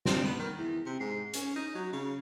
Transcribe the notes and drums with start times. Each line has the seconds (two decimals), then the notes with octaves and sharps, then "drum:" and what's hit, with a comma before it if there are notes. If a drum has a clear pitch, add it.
0.05 C4, drum: snare
0.25 B3
0.39 D#3
0.57 E2
0.86 C3
1.00 G#2
1.33 C#4, drum: hi-hat
1.56 D#4
1.75 F#3
1.93 C#3